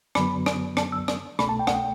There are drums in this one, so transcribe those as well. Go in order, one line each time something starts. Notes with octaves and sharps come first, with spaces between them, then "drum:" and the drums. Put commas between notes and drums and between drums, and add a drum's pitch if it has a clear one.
F#2 D3 F#3 B3 B5, drum: rim click
drum: rim click
A5, drum: rim click
E6
drum: rim click
C2 B2 A3 B5, drum: rim click
A5
G5
F#5, drum: rim click
G5